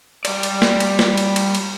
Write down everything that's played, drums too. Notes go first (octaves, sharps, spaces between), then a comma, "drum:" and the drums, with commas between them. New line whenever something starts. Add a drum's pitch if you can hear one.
G3 D5, drum: cymbal
drum: cymbal
drum: snare
drum: cymbal
drum: snare
drum: cymbal
drum: cymbal
drum: cymbal